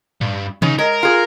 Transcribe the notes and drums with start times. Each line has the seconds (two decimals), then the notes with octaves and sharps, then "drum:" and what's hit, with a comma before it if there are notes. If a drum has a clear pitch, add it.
0.21 G2, drum: tom A2
0.62 B1 C#3 D#4, drum: tom D#3
0.79 G#3 A#4
1.03 F4 G#4